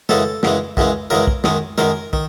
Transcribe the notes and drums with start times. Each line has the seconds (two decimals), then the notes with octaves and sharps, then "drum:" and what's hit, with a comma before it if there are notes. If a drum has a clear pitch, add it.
0.09 F#2 C#3 E3 G#3 A4, drum: snare
0.43 F#2 C#3 E3 G#3, drum: snare
0.77 F#2 C#3 E3 G#3, drum: kick
1.10 F#2 C#3 E3 G#3 A#4
1.27 drum: kick
1.44 F#2 D#3 G#3, drum: snare
1.78 F#2 D#3 G#3 A#4, drum: snare
2.13 D#3, drum: kick